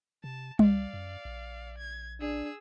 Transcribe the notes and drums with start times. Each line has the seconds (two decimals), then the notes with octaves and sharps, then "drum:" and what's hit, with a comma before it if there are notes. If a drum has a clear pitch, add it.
0.24 C3 A5
0.59 C2 D5 F5, drum: tom G3
0.94 F#2
1.25 A#1
1.78 G#6
2.21 D4 G#4 E6